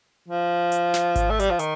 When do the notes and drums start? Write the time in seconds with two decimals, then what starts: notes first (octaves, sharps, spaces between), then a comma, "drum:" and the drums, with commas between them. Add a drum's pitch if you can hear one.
0.28 F3
0.72 drum: hi-hat
0.94 drum: snare
1.16 drum: kick G#1, hi-hat
1.30 A3
1.40 G3, drum: hi-hat
1.50 F3
1.59 D#3, drum: hi-hat